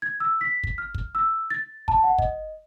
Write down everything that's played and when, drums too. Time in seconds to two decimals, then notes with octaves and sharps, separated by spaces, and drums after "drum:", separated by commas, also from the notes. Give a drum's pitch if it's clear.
0.02 G#6
0.20 E6
0.41 B6
0.64 drum: kick
0.78 F6
0.95 drum: kick
1.15 E6
1.50 A6
1.88 A5, drum: kick
2.03 F#5
2.18 D#5, drum: kick